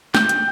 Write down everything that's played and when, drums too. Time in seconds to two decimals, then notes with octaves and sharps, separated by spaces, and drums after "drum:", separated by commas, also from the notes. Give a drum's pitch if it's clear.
0.15 G5, drum: snare
0.29 drum: hi-hat